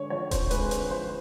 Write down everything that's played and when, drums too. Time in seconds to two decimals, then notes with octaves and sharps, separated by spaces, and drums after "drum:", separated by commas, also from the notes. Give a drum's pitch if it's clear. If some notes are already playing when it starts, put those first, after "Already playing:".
Already playing: D3 G#3 C#5
0.10 F3 C#5
0.31 F2 C5, drum: kick D#1, hi-hat
0.51 G#3 B4, drum: hi-hat
0.71 D3 C5, drum: hi-hat
0.91 F3 C5